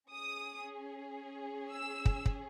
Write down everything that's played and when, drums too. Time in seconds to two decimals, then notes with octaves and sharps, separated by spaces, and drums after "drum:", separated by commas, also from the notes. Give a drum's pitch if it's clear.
0.11 C#4 G#4 D#6
1.72 E6
2.06 drum: kick
2.26 drum: kick